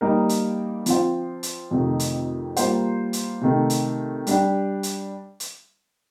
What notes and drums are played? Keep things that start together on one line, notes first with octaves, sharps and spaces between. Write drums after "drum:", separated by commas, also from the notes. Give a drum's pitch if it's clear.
G3 A#3 D#4 A#4
drum: hi-hat
F3 C4 F4 C5, drum: hi-hat
drum: hi-hat
F2 C3 D#3 A3 D#4
drum: hi-hat
G3 A#3 F4 C5, drum: hi-hat
drum: hi-hat
C3 D#3 A3
drum: hi-hat
G3 D4 G4, drum: hi-hat
drum: hi-hat
drum: hi-hat